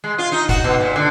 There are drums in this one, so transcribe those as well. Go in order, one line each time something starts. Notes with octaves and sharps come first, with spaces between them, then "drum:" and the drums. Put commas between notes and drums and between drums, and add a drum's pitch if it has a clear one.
G#3
F4
D#4
F#4, drum: kick, hi-hat
B2
A#2
D3